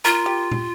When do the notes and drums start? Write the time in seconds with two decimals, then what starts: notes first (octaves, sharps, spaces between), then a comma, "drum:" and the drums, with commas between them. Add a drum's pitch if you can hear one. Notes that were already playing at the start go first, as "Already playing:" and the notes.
0.05 F4 A#4
0.26 G4
0.51 drum: tom A#2